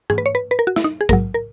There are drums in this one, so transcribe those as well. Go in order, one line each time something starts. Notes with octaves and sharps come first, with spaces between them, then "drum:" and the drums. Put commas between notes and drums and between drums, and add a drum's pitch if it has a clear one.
G#4, drum: tom G#2
B4
C#5
B4
B4
A#4
F#4
E4, drum: snare
D#4
G#4
A#1 G#2 F#3 A#4, drum: kick
A#4